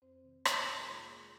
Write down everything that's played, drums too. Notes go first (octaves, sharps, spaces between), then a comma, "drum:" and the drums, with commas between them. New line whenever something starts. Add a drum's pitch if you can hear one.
F2 C4 C5
C3 D#3
F2 D#4, drum: rim click
F4
C3 D#3 F4
G#3 G#4
F2 A#3 A#4
D#3 G#3 G#4